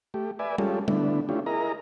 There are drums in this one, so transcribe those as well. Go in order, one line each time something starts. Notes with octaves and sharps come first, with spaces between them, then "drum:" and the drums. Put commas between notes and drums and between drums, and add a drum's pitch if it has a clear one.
A3 G4
B4 D5 E5 G#5
G#3 C#4 F4 G4 A4, drum: tom G3
D3 A3 B3 D4 E4, drum: tom G3
A3 C#4 D4 E4 F4 G4
E4 G#4 A#4 D#5 A#5